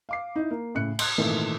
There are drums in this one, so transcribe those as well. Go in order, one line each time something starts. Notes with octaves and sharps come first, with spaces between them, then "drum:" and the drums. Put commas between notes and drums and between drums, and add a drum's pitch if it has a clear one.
F5 D6 C7
D#4 E4
A#3
A2 C#3 F#6 C#7
C6 F#6 G#6, drum: cymbal
G#1 A#2 D#3 E3 A3